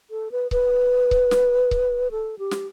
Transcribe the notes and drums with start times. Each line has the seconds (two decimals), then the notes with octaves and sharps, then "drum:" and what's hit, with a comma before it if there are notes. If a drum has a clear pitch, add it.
0.11 A4
0.32 B4
0.51 B4, drum: kick C#1
1.11 drum: kick C#1
1.31 drum: snare
1.71 drum: kick C#1
2.11 A4
2.39 G4
2.51 drum: snare